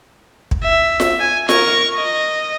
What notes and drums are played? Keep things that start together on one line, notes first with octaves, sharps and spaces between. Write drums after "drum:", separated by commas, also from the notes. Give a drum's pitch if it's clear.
drum: kick
E5
drum: snare F4
G#5
A#4 C#6, drum: snare F4
D#5